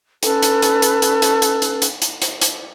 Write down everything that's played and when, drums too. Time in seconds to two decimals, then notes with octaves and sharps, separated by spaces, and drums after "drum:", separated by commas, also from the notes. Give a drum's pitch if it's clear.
0.23 C#4 A4 B4, drum: hi-hat
0.42 drum: hi-hat
0.62 drum: hi-hat
0.82 drum: hi-hat
1.02 drum: hi-hat
1.22 drum: hi-hat
1.42 drum: hi-hat
1.62 drum: hi-hat
1.82 drum: hi-hat
2.02 drum: hi-hat
2.22 drum: hi-hat
2.41 drum: hi-hat